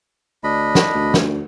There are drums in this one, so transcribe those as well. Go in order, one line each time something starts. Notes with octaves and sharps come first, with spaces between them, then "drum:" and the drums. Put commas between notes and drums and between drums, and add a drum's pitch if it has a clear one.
D2 D4 D#5 B5
drum: snare
D2
drum: snare